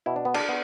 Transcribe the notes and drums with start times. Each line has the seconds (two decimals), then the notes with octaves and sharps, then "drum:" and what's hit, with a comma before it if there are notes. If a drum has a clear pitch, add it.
0.06 B2 E4
0.16 D4
0.25 B3
0.34 D4, drum: cymbal
0.49 B3